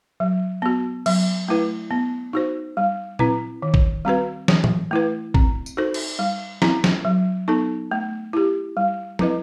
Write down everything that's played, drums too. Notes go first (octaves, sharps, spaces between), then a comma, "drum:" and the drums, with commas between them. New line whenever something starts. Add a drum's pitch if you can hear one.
F#3
B3 F#4
F#3, drum: cymbal
A3 E4 B4
B3
D#4 F#4 C5
G3
C4 E4 B4, drum: tom A#2
D#3
drum: kick A1
G3 C4 F#4 B4
E3, drum: snare
drum: tom
A3 E4 B4
C4, drum: kick A1
drum: tambourine
D#4 F#4 A4 C5
drum: cymbal
G3
C4 E4, drum: snare
drum: snare
F#3
B3 D#4 A4
A3
E4 G4
G3
C4 E4 B4 D#5, drum: tom F3